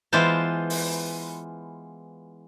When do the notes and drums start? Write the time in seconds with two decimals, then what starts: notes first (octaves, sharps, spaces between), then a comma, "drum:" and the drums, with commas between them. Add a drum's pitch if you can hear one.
0.12 E3 G#3 B3 F4 C5 A5
0.70 drum: open hi-hat